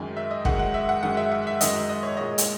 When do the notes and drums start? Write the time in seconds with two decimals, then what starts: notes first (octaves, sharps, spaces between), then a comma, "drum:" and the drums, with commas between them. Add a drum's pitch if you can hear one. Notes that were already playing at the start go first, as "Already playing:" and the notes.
Already playing: F#2 D#3 G#3 G#5
0.17 E5
0.31 D#5
0.45 F#2 D#3 G#3 F#5, drum: kick
0.59 F#5
0.74 E5
0.89 F#5
1.03 F#2 D#3 G#3 F#5
1.17 E5
1.32 F#5
1.47 E5
1.61 F#2 D#3 G#3 D#5, drum: hi-hat
1.89 D#5
2.03 C#5
2.17 A#2 G#3 D#5
2.38 drum: hi-hat